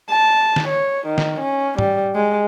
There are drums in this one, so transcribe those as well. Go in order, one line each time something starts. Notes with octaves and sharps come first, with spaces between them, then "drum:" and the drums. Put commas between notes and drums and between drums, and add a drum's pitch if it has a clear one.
A5
drum: snare D#3
C#5
D#3
drum: snare D#3
C#4
G3, drum: tom
G#3